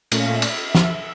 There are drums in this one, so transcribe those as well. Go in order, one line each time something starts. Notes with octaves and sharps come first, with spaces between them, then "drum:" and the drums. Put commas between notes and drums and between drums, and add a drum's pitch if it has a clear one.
A#2 A3 C#4 F5, drum: cymbal
E5
D5, drum: cymbal
E5
drum: snare